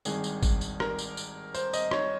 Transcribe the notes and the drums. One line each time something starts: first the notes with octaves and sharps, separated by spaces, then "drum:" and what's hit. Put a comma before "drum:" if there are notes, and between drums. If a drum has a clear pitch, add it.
G#1 G2 D#3 G#4, drum: tambourine
drum: tambourine
drum: kick, tambourine
drum: tambourine
A#4, drum: rim click
drum: tambourine
drum: tambourine
C5, drum: tambourine
D#5, drum: tambourine
C#5, drum: rim click